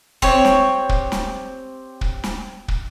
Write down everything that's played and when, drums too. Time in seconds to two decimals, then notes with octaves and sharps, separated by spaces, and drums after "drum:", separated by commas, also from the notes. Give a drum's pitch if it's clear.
0.22 C4 G4 C#5, drum: kick
0.45 drum: snare
0.89 drum: kick
1.12 drum: snare
2.01 drum: kick
2.24 drum: snare
2.68 drum: kick